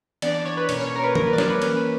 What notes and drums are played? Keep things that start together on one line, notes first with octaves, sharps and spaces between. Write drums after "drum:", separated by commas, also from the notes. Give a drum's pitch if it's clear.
E3 B3 D4 D5, drum: cymbal
D5
C#5
B4
B2 A#3 C#4 C#5, drum: cymbal
C#5
A#4
B4
E3 G3 A#3 A#4, drum: tom
B4
D5
C#5, drum: snare
B4
E3 A#3 C#4 B4, drum: cymbal
B4